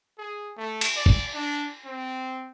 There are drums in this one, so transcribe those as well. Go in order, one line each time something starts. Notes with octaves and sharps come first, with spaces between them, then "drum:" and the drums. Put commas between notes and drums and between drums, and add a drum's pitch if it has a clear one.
G#4
A3
drum: cymbal
D5
drum: kick
D4
C4